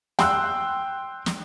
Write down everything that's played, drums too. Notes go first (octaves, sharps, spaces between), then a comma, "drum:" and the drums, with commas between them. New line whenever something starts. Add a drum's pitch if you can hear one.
G5 C6 E6 F#6, drum: snare
drum: snare